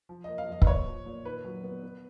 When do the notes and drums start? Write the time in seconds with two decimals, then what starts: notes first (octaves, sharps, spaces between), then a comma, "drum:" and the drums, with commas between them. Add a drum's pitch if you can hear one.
0.09 F3
0.24 A#3 D#5
0.38 F5
0.48 F2 D#5
0.62 B4, drum: kick
0.67 A#2 C#5
0.87 F3
1.06 A#2
1.25 D#3 B4
1.45 F#3
1.64 B3
1.83 B3